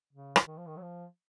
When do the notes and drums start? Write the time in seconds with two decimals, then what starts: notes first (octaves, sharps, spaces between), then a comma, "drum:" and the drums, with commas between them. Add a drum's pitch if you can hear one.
0.13 C#3
0.36 drum: rim click
0.47 D#3
0.57 F3
0.68 D#3
0.77 F#3
0.81 F3